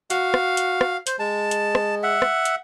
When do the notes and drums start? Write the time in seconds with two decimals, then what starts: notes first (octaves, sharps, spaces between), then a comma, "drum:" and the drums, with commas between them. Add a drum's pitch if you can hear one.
0.10 F#4 F5, drum: hi-hat
0.34 drum: rim click
0.57 drum: hi-hat
0.81 drum: rim click
1.07 C5, drum: hi-hat
1.19 G#3 A5
1.51 drum: hi-hat
1.75 drum: rim click
2.03 E5 F#5
2.22 drum: rim click
2.45 drum: hi-hat